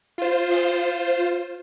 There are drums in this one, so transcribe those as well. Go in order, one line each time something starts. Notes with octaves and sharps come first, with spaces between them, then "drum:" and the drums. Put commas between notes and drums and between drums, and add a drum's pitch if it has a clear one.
F4 C5
drum: open hi-hat